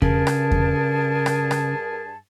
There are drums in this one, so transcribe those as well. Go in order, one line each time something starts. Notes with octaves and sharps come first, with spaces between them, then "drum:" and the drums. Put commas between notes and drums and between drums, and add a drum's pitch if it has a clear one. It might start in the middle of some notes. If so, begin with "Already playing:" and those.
G2 C#3 G#4 A#4 A5, drum: kick E2
drum: rim click
drum: kick E2
drum: rim click
drum: rim click